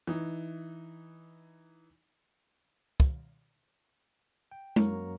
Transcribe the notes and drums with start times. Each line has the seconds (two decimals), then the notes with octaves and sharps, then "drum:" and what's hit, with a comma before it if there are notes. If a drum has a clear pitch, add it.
0.07 E3 D#4
3.00 drum: kick
4.51 G5
4.76 F#2 F#3 A#3 A#4 A#5 C#6, drum: tom G#3